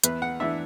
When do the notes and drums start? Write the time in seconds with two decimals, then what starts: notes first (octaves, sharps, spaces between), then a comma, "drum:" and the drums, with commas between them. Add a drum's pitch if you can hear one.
0.04 E2 B4, drum: hi-hat
0.22 F#5
0.40 E3 D4 E5